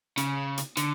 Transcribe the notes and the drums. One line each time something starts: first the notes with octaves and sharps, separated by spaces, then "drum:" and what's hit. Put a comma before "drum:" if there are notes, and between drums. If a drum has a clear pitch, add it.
C#3, drum: hi-hat
drum: hi-hat
D3, drum: hi-hat